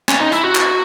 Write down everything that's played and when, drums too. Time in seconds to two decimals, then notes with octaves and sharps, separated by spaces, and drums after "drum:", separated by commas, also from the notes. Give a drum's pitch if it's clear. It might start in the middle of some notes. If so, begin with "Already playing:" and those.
0.09 C#4, drum: clap
0.20 D#4
0.32 E4, drum: hi-hat
0.44 F#4
0.55 drum: clap